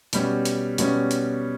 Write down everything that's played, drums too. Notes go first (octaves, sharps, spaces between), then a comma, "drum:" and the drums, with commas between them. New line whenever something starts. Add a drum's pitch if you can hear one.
B2 G3 C#4, drum: hi-hat
drum: hi-hat
B2 G3 C#4, drum: hi-hat
drum: hi-hat